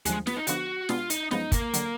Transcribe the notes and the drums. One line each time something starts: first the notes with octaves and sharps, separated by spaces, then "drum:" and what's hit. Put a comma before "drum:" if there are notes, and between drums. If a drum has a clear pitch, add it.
D#2 D3 F3 G#3, drum: hi-hat
B3, drum: snare
D#4
D3 F3 B3 D4 F#4, drum: hi-hat
B2 G#3 B3 D4 F4, drum: snare
D#4, drum: hi-hat
F#2 F3 G#3 B3 D#4, drum: snare
A#3, drum: kick, hi-hat
D3 F#3, drum: hi-hat